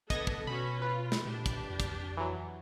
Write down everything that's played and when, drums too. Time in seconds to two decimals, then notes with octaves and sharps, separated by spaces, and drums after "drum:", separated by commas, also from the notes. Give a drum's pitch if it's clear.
0.10 B3 D4 A4 D#5 G#6 A#6, drum: kick, hi-hat
0.27 drum: kick
0.47 B2 C#4 F#4 B4 B5
0.82 F4 B4
1.12 drum: snare
1.25 A#2 D4 G4
1.46 drum: kick, hi-hat
1.70 F2
1.80 drum: kick, hi-hat
2.17 E3 F#3